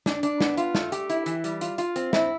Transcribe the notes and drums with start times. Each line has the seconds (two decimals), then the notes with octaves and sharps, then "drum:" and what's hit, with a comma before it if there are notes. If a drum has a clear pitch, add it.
0.06 D4, drum: snare
0.23 D4, drum: hi-hat
0.41 B3, drum: snare
0.57 F4, drum: hi-hat
0.75 A3, drum: snare
0.92 G4, drum: hi-hat
1.10 E4, drum: hi-hat
1.26 E3, drum: hi-hat
1.44 G3, drum: hi-hat
1.61 F4, drum: hi-hat
1.78 F4, drum: hi-hat
1.96 C4, drum: hi-hat
2.13 E4, drum: snare